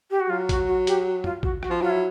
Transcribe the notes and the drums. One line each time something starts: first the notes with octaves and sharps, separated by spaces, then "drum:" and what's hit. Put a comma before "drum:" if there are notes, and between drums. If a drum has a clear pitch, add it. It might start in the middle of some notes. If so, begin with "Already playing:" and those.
G4
F#4
F#3 F4
F#4, drum: kick, hi-hat
F#4
G4, drum: hi-hat
F4, drum: tom
F#4, drum: kick
F#4, drum: rim click
F3
F#3 F4
E4